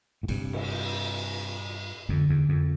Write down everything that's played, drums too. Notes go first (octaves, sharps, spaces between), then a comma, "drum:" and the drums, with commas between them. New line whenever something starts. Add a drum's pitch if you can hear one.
A2
G2 C3, drum: cymbal
drum: cymbal
F2 D3
E2
F2